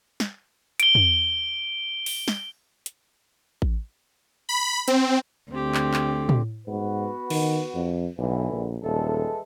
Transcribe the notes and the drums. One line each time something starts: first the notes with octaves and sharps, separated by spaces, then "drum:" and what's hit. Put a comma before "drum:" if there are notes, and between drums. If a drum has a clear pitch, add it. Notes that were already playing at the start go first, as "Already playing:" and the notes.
drum: snare
D7 G7, drum: hi-hat
drum: tom
drum: open hi-hat
drum: snare
drum: hi-hat
drum: kick A1
B5
C4, drum: hi-hat
D2 C4 G4
drum: clap
drum: clap
drum: tom
G#2 B3 F#4 B4
D#3, drum: cymbal
F2
B1 D3 E3
A#1
D#1 E3 G#3 A4